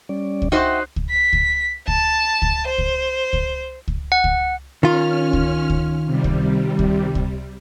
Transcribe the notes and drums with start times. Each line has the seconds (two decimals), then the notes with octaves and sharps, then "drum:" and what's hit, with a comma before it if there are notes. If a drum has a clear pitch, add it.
0.09 G3 C#4 D5
0.42 drum: kick C#2
0.52 D#4 F#4 C5 E5 F#5 G5
0.96 drum: kick C#2
1.10 B6
1.33 drum: kick C#2
1.88 A5, drum: kick C#2
2.42 drum: kick C#2
2.68 C5
2.78 drum: kick C#2
3.33 drum: kick C#2
3.88 drum: kick C#2
4.12 F#5
4.24 drum: kick C#2
4.83 D#3 C#4 F4 F6
5.33 drum: kick C#2
5.70 drum: kick C#2
6.06 C3 G3
6.24 drum: kick C#2
6.79 drum: kick C#2
7.15 drum: kick C#2